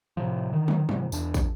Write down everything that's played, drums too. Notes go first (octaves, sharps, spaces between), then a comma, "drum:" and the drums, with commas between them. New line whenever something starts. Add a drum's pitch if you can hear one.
A2 C3 F3
D3 D#3
drum: tom
G#2 C3, drum: tom
E2 D4, drum: tambourine
drum: kick, tambourine